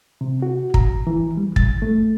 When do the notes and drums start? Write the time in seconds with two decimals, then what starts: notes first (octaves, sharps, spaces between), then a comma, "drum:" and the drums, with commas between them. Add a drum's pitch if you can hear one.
0.21 C3
0.42 F#4
0.74 A#5, drum: kick
1.07 E3
1.37 G3
1.56 A6, drum: kick
1.82 A3